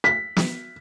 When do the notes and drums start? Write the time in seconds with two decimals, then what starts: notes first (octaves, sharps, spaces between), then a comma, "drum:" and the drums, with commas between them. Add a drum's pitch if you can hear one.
0.04 B6
0.37 drum: snare